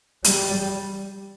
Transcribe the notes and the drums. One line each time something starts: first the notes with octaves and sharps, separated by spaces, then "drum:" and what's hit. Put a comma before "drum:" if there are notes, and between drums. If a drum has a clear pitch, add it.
G3, drum: hi-hat